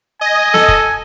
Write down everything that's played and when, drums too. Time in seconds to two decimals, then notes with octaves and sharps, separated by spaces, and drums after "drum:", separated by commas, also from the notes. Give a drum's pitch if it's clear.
0.21 D#5 G#5
0.54 A4, drum: snare
0.68 drum: kick